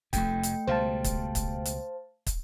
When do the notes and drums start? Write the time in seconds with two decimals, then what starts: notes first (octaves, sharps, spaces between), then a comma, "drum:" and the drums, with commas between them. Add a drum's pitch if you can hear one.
0.13 F1 F2 A3 G5, drum: kick, hi-hat
0.43 drum: hi-hat
0.67 C#2 B2 G3 C5 F5 A5
1.04 drum: kick, hi-hat
1.35 drum: kick, hi-hat
1.65 drum: hi-hat
2.27 drum: kick, hi-hat